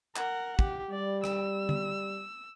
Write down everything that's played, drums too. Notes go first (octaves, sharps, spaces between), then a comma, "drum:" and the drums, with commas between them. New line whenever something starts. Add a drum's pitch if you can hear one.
A#4 F#5, drum: clap
G4, drum: kick
G3 D5
E6, drum: rim click
drum: tom D3